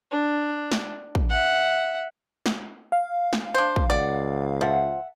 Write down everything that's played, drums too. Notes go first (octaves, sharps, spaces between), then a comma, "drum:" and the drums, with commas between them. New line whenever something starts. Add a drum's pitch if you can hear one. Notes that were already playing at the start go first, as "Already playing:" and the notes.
D4
drum: snare
drum: kick
E5 F#5
drum: snare
F5
drum: snare
D4 C5
drum: kick
C#2 D5 F#5
F3 E5 F#5